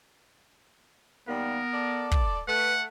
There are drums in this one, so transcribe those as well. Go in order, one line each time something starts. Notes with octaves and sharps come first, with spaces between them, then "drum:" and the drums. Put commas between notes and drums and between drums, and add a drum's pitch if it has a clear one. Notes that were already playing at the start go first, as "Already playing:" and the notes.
D#2 G3 A#3 B3 A#4
A4 D5
drum: kick
A3 B4 F#5